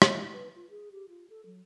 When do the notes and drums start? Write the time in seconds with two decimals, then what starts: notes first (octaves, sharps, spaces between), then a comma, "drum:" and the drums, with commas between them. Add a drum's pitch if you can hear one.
0.02 B3, drum: rim click
0.32 B4
0.55 F4
0.70 G#4
0.92 G4
1.09 F4
1.30 A4
1.46 F#3